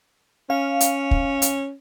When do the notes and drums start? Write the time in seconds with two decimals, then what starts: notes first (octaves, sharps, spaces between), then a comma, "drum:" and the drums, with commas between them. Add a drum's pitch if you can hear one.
0.50 C#4 F5
0.81 drum: hi-hat
1.11 drum: kick
1.42 drum: hi-hat